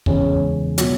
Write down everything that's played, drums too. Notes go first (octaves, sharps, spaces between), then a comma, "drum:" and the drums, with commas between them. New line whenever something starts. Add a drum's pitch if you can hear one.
E2 C#3 G#3 C#4, drum: kick
B2 F#3, drum: hi-hat